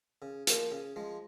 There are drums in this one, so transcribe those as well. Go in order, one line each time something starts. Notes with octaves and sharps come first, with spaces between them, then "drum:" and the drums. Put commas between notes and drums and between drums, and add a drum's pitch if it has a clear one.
C#3
F3 A#3, drum: hi-hat
C#3
F3 G#3